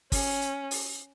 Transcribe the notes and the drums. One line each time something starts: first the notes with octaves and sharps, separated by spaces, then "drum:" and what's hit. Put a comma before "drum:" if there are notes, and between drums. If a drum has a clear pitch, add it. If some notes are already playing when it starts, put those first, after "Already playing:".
C#4, drum: kick, open hi-hat
drum: hi-hat
drum: open hi-hat